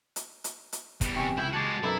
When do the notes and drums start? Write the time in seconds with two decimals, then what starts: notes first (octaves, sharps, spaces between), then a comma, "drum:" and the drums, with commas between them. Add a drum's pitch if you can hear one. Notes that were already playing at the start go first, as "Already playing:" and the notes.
0.16 drum: hi-hat
0.44 drum: hi-hat
0.73 drum: hi-hat
1.01 E2 G3, drum: kick, hi-hat
1.16 C3 G5 G#5 C#6
1.37 C#2 E4 G6
1.53 G#3 F#4 A5 D6 G#6 C#7
1.83 B1 F#2 E4 A4 B4 A#5